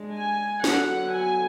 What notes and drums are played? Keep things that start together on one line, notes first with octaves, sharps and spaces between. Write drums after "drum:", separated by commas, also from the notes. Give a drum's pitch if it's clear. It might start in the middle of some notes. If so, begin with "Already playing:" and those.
Already playing: G#3 D4
G#5
D3 F#3 B3 F#5, drum: snare
G#5